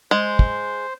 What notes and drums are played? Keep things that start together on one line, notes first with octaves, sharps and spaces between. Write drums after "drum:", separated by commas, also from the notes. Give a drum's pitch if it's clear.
G#3 C5
drum: kick